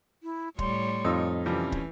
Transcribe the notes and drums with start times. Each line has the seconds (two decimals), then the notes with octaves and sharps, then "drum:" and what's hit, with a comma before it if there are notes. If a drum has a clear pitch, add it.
0.23 E4
0.59 A2 G3 C#5 C6, drum: kick
1.05 F2 D#4 F4 E6
1.46 C3 E3 F3 G3 C#4
1.72 drum: kick